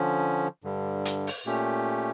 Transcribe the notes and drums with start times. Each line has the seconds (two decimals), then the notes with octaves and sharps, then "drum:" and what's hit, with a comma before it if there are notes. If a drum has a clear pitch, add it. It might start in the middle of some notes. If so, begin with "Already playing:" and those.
Already playing: D3 F3 C#4
0.64 G2 D3 G3
1.05 drum: hi-hat
1.27 drum: open hi-hat
1.46 A#2 A3 C#4 G4